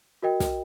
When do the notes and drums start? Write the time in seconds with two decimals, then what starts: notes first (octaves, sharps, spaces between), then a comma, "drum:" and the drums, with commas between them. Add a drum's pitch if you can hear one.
0.22 F#4 A#4 D#5 G5
0.40 drum: snare